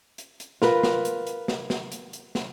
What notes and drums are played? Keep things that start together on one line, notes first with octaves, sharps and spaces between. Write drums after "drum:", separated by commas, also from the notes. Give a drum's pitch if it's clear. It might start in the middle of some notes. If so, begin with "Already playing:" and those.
drum: hi-hat
drum: hi-hat
F4 A#4 B4, drum: snare
drum: snare
drum: hi-hat
drum: hi-hat
drum: snare
drum: snare
drum: hi-hat
drum: hi-hat
drum: snare